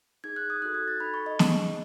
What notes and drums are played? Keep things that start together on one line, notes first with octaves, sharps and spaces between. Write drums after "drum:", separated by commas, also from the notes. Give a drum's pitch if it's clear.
D#4 G#4 G#6
F#6
D#6
D#4 F#4 A4 F#6
G#6
A6
D#4 A4 B5
C#6
D#5
D#4 G#4, drum: snare